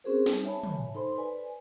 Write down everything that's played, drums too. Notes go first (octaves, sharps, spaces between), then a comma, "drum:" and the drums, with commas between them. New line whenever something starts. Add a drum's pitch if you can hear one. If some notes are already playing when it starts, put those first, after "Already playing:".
C4 C#4 F#4 G#4 A#4 C5
G3 D#4, drum: snare
C#5 E5 G#5 A5 B5
drum: tom
D#4 A4 C5 B5 C6
B4 D5 G#5